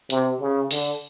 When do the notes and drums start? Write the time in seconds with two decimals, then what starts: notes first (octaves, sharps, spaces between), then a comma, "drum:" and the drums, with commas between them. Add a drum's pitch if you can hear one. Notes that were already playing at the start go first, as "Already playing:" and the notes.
0.10 C3, drum: hi-hat
0.40 C#3
0.71 D3, drum: open hi-hat